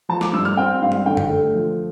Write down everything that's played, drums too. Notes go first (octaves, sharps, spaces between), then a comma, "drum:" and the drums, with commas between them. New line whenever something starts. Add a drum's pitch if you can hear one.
F3 A5
D6, drum: snare
G2 E6
F6
C4 G5
G2 F5
drum: tom
D3 G5
drum: tom F#2
A3
F3